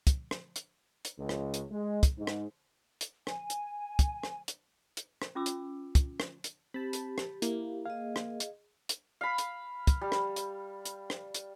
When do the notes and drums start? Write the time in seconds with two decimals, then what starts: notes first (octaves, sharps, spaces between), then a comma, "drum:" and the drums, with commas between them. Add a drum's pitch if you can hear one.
0.07 drum: kick, hi-hat
0.31 drum: rim click
0.56 drum: hi-hat
1.05 drum: hi-hat
1.19 C#2
1.29 drum: rim click
1.54 drum: hi-hat
1.71 G#3
2.03 drum: kick, hi-hat
2.18 G#2
2.27 drum: rim click
3.01 drum: hi-hat
3.27 G#5, drum: rim click
3.50 drum: hi-hat
3.99 drum: kick, hi-hat
4.23 drum: rim click
4.48 drum: hi-hat
4.97 drum: hi-hat
5.22 drum: rim click
5.35 C#4 F4 D6 E6
5.46 drum: hi-hat
5.95 drum: kick, hi-hat
6.20 drum: rim click
6.44 drum: hi-hat
6.74 C4 G4 A5 B5
6.93 drum: hi-hat
7.18 drum: rim click
7.42 A#3 E4, drum: hi-hat
7.86 G#4 D#5 F5
8.16 drum: rim click
8.40 drum: hi-hat
8.89 drum: hi-hat
9.21 F5 B5
9.38 drum: hi-hat
9.87 drum: kick, hi-hat
10.01 G3
10.12 drum: rim click
10.36 drum: hi-hat
10.85 drum: hi-hat
11.10 drum: rim click
11.34 drum: hi-hat